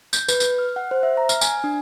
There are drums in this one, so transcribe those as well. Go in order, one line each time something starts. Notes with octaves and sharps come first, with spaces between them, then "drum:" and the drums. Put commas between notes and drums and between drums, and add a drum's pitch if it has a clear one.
G6, drum: tambourine
B4, drum: tambourine
drum: tambourine
F6
F#5
C5
E5
A#5
F6, drum: tambourine
G#5, drum: tambourine
D4